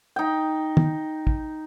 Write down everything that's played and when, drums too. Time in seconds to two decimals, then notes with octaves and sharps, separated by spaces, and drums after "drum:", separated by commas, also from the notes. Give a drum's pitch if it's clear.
0.16 D#4 G5
0.77 drum: tom
1.27 drum: kick